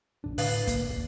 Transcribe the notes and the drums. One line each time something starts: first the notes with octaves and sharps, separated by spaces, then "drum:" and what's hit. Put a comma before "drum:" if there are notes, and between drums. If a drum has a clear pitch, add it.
A#1 F#2 D4
A2 D3 B4 D5 F5, drum: open hi-hat
A#3, drum: kick, hi-hat
D#1 D#2